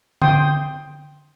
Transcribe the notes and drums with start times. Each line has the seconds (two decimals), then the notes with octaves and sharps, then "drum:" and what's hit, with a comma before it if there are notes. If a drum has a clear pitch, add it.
0.22 G5 C6 D#6, drum: tom D3